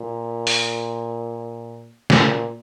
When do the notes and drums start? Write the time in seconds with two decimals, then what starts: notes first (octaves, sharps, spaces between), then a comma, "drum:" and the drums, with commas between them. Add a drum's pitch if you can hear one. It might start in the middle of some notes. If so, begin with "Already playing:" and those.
Already playing: A#2
0.47 drum: open hi-hat
2.10 A#2, drum: snare